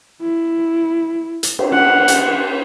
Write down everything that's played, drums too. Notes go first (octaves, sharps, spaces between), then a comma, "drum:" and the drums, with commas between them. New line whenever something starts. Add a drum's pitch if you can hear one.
E4
drum: hi-hat
drum: cymbal
F#5
drum: hi-hat